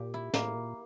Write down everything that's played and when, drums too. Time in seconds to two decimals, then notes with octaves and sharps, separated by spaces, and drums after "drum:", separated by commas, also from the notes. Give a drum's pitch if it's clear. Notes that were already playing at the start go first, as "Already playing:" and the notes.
Already playing: A#2 G4
0.14 E4
0.34 A2 A#3, drum: snare
0.55 A#2